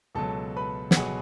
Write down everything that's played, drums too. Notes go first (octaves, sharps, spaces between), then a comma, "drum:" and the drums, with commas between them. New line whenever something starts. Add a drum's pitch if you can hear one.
C#2 B2 F#3 A4 A5
B4 B5
F#5, drum: snare
B2 F#3 G#4 G#5